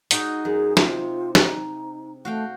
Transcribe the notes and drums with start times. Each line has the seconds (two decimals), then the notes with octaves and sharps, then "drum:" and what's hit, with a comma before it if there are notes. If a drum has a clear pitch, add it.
0.11 G#3 D#4 F#4, drum: hi-hat
0.45 F#2 G#4
0.77 C3 F4, drum: snare
1.35 D#4, drum: snare
2.25 A3 F#4 F5 G5